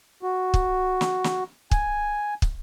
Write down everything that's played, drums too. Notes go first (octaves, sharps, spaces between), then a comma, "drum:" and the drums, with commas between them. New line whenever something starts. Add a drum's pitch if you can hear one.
F#4
drum: kick
drum: snare
drum: snare
G#5, drum: kick
drum: kick